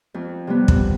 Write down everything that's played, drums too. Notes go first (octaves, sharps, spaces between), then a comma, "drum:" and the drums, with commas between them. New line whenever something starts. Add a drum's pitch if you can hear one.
F2
C3 G3 B3
drum: kick